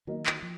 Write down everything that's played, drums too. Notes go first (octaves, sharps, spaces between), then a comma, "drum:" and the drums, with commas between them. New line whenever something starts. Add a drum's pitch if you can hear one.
D#3 F#3 A#3 D#4
drum: clap
F3